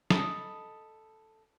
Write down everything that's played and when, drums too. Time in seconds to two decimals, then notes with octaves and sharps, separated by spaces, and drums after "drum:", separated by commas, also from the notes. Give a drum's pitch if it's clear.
0.10 A4 D#5 B5 D#6, drum: snare